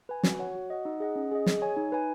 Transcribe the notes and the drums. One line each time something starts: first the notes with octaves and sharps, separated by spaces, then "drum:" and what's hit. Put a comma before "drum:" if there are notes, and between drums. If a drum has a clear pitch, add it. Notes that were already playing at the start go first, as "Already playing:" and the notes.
B4 G#5
F#4, drum: snare
C#5 F#5
F#4
D#5 F#5
D#4
G#4 D#5 F#5
C#4
G#4 D#5
G#4, drum: snare
C#5 G#5
D#4
B4 G#5